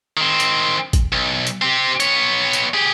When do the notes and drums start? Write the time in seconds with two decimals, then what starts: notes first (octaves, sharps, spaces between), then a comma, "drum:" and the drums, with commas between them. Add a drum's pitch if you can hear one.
0.17 D#3 C4
0.40 drum: hi-hat
0.93 drum: kick, hi-hat
1.12 B1
1.47 drum: hi-hat
1.62 C4 G4
2.00 B3 C#5, drum: hi-hat
2.53 drum: hi-hat
2.74 G4 G#4